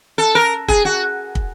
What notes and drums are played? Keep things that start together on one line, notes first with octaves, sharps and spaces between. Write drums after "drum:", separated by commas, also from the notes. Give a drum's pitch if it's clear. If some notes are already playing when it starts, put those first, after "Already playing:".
A4
A#4
G#4, drum: kick
F#4
drum: kick